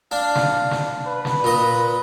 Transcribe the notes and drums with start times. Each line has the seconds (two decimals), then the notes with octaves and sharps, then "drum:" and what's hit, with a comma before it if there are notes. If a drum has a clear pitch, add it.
0.12 D4 F5
0.35 drum: snare
0.71 drum: snare
1.07 B4
1.25 drum: snare
1.44 A#2 D#5